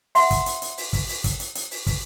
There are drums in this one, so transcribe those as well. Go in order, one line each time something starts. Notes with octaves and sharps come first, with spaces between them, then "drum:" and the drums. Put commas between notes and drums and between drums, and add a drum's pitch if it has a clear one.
E5 F#5 C6, drum: open hi-hat
drum: kick, hi-hat
drum: hi-hat
drum: hi-hat
drum: open hi-hat
drum: kick, open hi-hat
drum: open hi-hat
drum: kick, hi-hat
drum: hi-hat
drum: hi-hat
drum: open hi-hat
drum: kick, open hi-hat